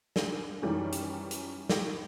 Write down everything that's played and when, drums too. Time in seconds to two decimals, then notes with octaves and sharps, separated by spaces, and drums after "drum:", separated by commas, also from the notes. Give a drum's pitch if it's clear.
0.16 D4 G#4, drum: snare
0.62 F#2 D#3 E3 G3 C#4
0.93 drum: hi-hat
1.31 drum: hi-hat
1.69 drum: snare